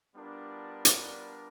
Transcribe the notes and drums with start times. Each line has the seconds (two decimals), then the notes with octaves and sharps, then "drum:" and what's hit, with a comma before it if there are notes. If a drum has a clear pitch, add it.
0.14 G3 B3 D4 F4 A#4
0.85 drum: hi-hat